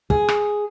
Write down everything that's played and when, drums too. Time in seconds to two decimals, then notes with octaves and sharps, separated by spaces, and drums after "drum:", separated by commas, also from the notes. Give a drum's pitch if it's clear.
0.10 G#4, drum: kick
0.28 drum: rim click